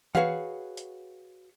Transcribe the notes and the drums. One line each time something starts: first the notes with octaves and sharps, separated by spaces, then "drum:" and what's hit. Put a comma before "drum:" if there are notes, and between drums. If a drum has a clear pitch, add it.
F#4 G#4 B4 C#5 F5 F#5, drum: tom E3
drum: hi-hat